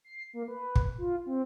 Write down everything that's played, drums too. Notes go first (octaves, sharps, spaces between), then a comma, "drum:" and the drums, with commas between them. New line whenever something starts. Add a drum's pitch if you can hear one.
C7
A#3
B4
drum: kick
F4
C4